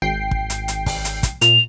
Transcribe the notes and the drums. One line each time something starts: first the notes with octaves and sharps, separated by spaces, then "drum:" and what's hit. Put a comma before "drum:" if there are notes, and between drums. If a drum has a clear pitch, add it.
G#1 G5 C7
drum: kick
drum: hi-hat
drum: hi-hat
drum: kick, open hi-hat
drum: hi-hat
drum: kick, hi-hat
A#2 F7, drum: hi-hat